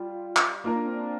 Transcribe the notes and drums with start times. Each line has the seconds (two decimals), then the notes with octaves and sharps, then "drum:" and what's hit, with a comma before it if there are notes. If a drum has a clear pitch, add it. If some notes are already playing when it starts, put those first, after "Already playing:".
Already playing: G3 F4
0.36 drum: clap
0.64 A#3 D#4 F4 A#4
0.74 D4
0.85 C4
0.96 D4